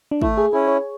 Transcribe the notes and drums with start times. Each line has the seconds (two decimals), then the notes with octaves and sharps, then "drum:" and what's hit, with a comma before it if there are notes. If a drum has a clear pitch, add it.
0.11 D4
0.21 A3 E4, drum: kick G#1
0.38 G#4
0.53 C#4 E4 G#4
0.67 C#5